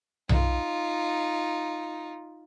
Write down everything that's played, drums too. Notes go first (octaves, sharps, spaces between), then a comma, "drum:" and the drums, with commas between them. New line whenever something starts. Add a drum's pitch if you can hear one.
D#4 F4, drum: tom B1